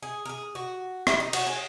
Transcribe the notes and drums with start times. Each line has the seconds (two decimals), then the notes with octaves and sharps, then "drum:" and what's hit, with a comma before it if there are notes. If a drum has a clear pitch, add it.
0.03 G#4
0.25 A#4
0.29 G#4
0.55 F#4
1.07 E4, drum: rim click
1.20 D#4
1.33 F#4, drum: cymbal
1.47 G#4